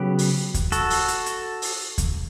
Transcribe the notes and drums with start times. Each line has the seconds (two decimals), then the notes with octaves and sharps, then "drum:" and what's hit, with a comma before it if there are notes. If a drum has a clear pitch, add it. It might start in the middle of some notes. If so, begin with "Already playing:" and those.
Already playing: C#3 F#3 B3 G4 B4
0.19 drum: open hi-hat
0.54 drum: kick D#2, hi-hat
0.72 F#4 A4, drum: hi-hat
0.90 drum: open hi-hat
1.08 drum: hi-hat
1.26 drum: hi-hat
1.62 drum: open hi-hat
1.98 drum: kick D#2, hi-hat